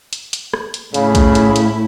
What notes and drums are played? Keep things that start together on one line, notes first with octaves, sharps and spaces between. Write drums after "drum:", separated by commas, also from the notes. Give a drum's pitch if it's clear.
drum: hi-hat
drum: hi-hat
drum: rim click
drum: hi-hat
A2 C#3 E4, drum: hi-hat
drum: kick, hi-hat
drum: hi-hat
drum: hi-hat